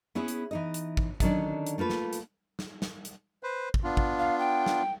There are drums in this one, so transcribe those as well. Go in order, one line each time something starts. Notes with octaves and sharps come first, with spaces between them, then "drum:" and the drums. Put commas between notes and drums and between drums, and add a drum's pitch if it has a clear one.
B3 C#4 E4 G#4 C#5
drum: hi-hat
E3 D#4 D#5
drum: hi-hat
drum: kick
D3 D#3 F#3 C#4 D4, drum: kick, hi-hat
drum: hi-hat
A3 A#3 F4 B4
drum: snare
drum: hi-hat
drum: snare
drum: snare
drum: hi-hat
B4 C5
drum: kick
B3 D4 F4
drum: kick
F5
G5
drum: snare